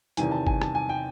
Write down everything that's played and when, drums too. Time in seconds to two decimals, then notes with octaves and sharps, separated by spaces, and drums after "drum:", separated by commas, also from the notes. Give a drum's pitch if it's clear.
0.17 E2 C3 D#3 G#5, drum: hi-hat
0.31 A5
0.47 G#5, drum: kick G1
0.62 A5, drum: rim click
0.75 G#5
0.89 G5